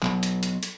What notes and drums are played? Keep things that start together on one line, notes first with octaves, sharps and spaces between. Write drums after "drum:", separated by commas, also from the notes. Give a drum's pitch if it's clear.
B1 B2 F#3 B3, drum: clap
drum: hi-hat
drum: hi-hat
drum: hi-hat